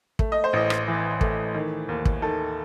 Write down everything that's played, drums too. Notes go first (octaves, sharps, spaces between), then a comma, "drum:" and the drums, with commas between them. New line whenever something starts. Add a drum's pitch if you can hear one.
A3, drum: kick
D#5
C5
A1 D#5
drum: rim click
E3
A3, drum: kick
D#3
D#2
drum: kick
D#3 A4